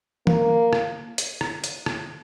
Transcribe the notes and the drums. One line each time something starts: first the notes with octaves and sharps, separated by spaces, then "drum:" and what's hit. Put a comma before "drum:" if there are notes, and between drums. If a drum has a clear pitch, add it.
A#3, drum: tom E3
drum: rim click
drum: hi-hat
drum: rim click
drum: hi-hat
drum: rim click